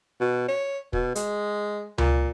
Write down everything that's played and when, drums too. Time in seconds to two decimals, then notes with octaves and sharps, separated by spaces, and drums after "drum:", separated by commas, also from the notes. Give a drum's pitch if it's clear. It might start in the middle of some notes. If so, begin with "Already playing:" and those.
0.21 B2
0.48 C#5
0.93 B2, drum: kick
1.15 G#3, drum: hi-hat
1.98 A#2, drum: tom C#2